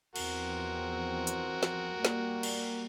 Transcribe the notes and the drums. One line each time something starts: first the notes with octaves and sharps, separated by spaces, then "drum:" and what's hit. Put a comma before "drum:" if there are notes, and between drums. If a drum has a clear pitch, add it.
E2 F3 C4 F#4 A#4, drum: cymbal
drum: hi-hat
drum: snare
G3 A#3
drum: snare
drum: cymbal